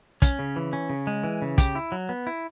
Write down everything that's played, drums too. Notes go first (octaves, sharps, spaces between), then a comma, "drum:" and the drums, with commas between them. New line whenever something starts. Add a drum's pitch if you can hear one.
C#4, drum: kick, hi-hat
C#3
E3
C#4
C#3
G#3
E3
C#3
G4, drum: kick, hi-hat
E4
F#3
B3
E4